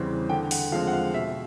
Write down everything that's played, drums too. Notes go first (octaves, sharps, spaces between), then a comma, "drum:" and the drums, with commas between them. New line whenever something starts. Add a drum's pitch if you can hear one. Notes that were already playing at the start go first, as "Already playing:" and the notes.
Already playing: E2 C#3 E3 G3 C4
D3 G5
F#5, drum: open hi-hat
F3 G#3 C4 F5
F#5
F5
B2 E5